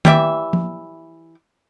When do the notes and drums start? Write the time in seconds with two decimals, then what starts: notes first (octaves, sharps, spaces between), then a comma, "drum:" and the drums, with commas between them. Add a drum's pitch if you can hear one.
0.05 E3 G4 D5 E5, drum: tom D#3
0.53 drum: tom F3